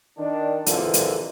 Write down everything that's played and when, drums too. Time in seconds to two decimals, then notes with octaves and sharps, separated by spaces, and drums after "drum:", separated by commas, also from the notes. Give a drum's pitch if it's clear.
0.18 D#3 D4
0.66 A#1 F2 D3 E3 F3 A#3, drum: hi-hat
0.94 drum: hi-hat